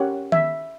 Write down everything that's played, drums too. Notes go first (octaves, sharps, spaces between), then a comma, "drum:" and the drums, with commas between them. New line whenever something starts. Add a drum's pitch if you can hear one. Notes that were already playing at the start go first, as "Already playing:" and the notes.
Already playing: C#4 G4 A#4 C#5 F#5
E5, drum: tom D#3